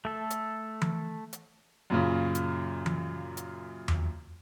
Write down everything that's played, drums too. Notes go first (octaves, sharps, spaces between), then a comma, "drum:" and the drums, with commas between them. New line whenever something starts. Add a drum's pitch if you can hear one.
A3 A4
drum: hi-hat
drum: tom E3
drum: hi-hat
F#2 A#2 C#3
drum: hi-hat
drum: tom E3
drum: hi-hat
drum: tom E2